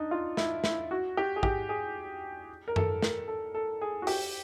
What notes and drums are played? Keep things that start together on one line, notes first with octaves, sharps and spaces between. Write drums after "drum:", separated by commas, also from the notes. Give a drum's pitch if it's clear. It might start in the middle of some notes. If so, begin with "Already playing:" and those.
Already playing: D4 D#4
F4
E4, drum: snare
E4, drum: snare
F#4
G4
G#4
G4, drum: kick
G#4
A#4
A4, drum: tom F#2
A#4, drum: snare
A4
A4
G#4
F#4
G4, drum: open hi-hat